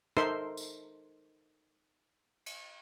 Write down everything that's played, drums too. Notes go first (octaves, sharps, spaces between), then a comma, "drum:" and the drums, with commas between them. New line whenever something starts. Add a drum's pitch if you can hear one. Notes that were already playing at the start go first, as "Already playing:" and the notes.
D#4 A4 A#4 C5 E5 C6, drum: rim click
drum: tambourine
drum: cymbal